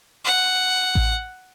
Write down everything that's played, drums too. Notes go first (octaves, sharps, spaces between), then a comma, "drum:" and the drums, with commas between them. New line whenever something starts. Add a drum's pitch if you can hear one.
F#5
drum: kick A1